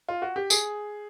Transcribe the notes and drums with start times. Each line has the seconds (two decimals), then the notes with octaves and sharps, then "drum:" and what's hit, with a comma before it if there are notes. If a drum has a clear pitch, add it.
0.09 F4
0.22 F#4
0.36 G4
0.50 G#4, drum: tambourine